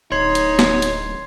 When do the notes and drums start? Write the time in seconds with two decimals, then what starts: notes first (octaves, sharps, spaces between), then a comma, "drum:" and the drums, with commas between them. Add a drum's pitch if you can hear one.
0.12 D1 D#4 C#5 C6 G#6 C7
0.35 drum: hi-hat
0.59 drum: snare
0.82 drum: hi-hat